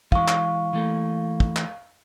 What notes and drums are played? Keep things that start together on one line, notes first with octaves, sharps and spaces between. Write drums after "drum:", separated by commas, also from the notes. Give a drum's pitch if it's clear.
E3 G#3 F5 C#6, drum: kick
drum: clap
E3 A3 A#3
drum: kick
drum: clap